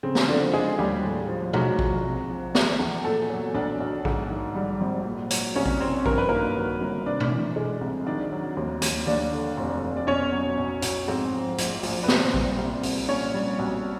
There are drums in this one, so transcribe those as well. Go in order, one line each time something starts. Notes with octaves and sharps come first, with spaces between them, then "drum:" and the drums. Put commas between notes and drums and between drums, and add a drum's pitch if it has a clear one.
C#3 C4
drum: snare
D3 F3 D4
G#3 G#4
D#2 G3 G4
A2
F3
F#3 G#3 F#4, drum: tom B2
A#1, drum: kick A#1
C3
F3
G#3, drum: snare
E2
A#2 A3 A4
F#3
B1 D4 D5
B1
G#2, drum: kick A#1
D#3
G3
G#1
A#2
F#3, drum: hi-hat
C2 C#4 C#5
drum: kick A#1
C2 C4 C5
G2 A#4, drum: kick A#1
B4
D#3 A#3 A#4
F#3
G1
C3 D4 D5
drum: tom B2
E3
G#3
C2
D#3 D4 D5
F#3
D#2
D#2, drum: hi-hat
D#2 D4 D5
D3
F1
F1
D5
B2 C#4 C#5
F#3
B1
B1, drum: hi-hat
G#2 C4 C5
F3
A#1, drum: hi-hat
A#1, drum: open hi-hat
B4
A#2 C4 C5, drum: snare
G3, drum: kick A#1
C2
C2, drum: open hi-hat
A#2 C#4 C#5
G3
B1